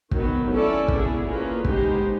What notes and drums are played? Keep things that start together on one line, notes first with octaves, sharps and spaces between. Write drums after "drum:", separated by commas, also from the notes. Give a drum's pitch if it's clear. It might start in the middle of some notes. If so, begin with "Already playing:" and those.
D#3 F#3 B3, drum: kick
C#4 E4 A4 D5
B3 E4 G#4, drum: kick
A#3 C#4 F4 G#4 B4
G#3 B3 D#4 G4 C5, drum: kick